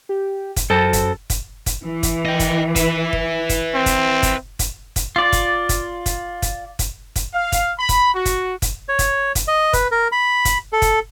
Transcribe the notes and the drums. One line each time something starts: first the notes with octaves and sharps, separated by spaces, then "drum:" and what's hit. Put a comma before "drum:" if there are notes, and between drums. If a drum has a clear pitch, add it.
G4
drum: kick, hi-hat
F#2 A4 C5 A5
drum: kick, hi-hat
drum: kick, hi-hat
drum: kick, hi-hat
E3
drum: kick, hi-hat
D#5 G5
drum: kick, hi-hat
B4 E5, drum: kick, hi-hat
drum: kick
drum: kick, hi-hat
C4
drum: kick, hi-hat
drum: kick, hi-hat
drum: kick, hi-hat
drum: kick, hi-hat
F4 D5
drum: kick, hi-hat
drum: kick, hi-hat
drum: kick, hi-hat
drum: kick, hi-hat
drum: kick, hi-hat
drum: kick, hi-hat
F5
drum: kick, hi-hat
B5
drum: kick, hi-hat
F#4
drum: kick, hi-hat
drum: kick, hi-hat
C#5
drum: kick, hi-hat
drum: kick, hi-hat
D#5
B4, drum: kick, hi-hat
A#4
B5
drum: kick, hi-hat
A4
drum: kick, hi-hat